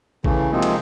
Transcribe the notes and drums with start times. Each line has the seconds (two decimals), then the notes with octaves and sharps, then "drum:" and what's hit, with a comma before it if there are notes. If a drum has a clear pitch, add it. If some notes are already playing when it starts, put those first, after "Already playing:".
0.24 C#3 E3 A3, drum: kick A1
0.52 C3 F3 G#3 A#3 C4 D#4
0.62 drum: cymbal